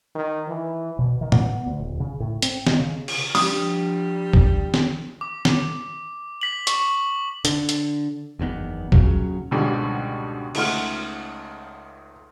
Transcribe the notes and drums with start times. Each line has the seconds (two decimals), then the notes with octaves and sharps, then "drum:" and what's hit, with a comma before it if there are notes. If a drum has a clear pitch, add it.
0.15 D#3
0.48 E3
0.99 B2
1.21 D#3
1.32 B3, drum: tom A2
1.66 D2
1.80 D#1
2.00 C#3
2.20 A2
2.42 C4, drum: hi-hat
2.67 D#3, drum: snare
2.80 C#3
3.08 drum: cymbal
3.35 F3 G3 D4 F4 D#6, drum: open hi-hat
4.33 drum: kick
4.74 drum: snare
5.21 D6
5.45 drum: snare
6.41 B6 F#7
6.67 C#6, drum: hi-hat
7.45 D3, drum: hi-hat
7.69 drum: hi-hat
8.39 F#1 E2 D#3 B3
8.92 D#1 B1 C#3 F#3, drum: kick
9.51 C#2 G#2 B2 D3 G3
10.55 C#2 A3 D#4 F#5 C6 F6, drum: cymbal